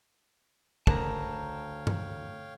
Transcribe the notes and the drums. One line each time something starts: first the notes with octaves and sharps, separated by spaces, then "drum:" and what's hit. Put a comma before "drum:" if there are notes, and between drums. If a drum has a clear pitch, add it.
D2 C#3 A#4 C#5 F5 G5 A5 A#5, drum: kick
drum: tom G2